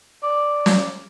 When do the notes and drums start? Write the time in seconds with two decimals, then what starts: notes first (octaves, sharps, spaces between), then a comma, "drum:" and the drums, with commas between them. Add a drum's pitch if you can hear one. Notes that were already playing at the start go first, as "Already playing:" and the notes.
0.23 D5
0.66 drum: snare